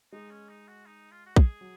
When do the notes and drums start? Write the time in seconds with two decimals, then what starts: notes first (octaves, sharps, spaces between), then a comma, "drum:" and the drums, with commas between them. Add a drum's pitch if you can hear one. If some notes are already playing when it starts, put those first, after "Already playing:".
0.12 G#3 D#4
0.31 C#4
0.49 D#4
0.68 F#4
0.86 D#4
1.12 F4
1.26 F#4
1.36 G#4, drum: kick
1.61 F#3